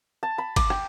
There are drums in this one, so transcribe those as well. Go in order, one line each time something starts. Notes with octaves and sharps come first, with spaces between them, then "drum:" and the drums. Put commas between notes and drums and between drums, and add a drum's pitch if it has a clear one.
A5
B5
D6, drum: kick, cymbal
G5, drum: rim click